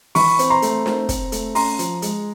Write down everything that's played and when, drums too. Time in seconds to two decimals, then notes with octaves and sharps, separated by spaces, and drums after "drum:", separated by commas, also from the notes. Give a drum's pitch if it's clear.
0.15 E3 B5 C#6, drum: open hi-hat
0.39 C4, drum: hi-hat
0.50 A#5 C6
0.62 A3, drum: hi-hat
0.86 C4, drum: snare
1.09 C4, drum: kick, hi-hat
1.32 A3, drum: hi-hat
1.55 C#4 A#5 C6, drum: open hi-hat
1.79 F3, drum: hi-hat
2.02 G#3, drum: hi-hat